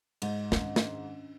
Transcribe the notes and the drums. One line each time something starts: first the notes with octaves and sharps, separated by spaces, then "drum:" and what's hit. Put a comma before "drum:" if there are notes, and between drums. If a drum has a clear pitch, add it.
G#2, drum: cymbal
C#4 D4, drum: snare
drum: snare